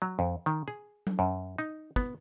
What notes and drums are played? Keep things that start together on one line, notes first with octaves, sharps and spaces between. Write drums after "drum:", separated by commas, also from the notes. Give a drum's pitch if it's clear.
F#3
F2
D#3
G#4
drum: tom F#3
F#2
D#4
B3, drum: kick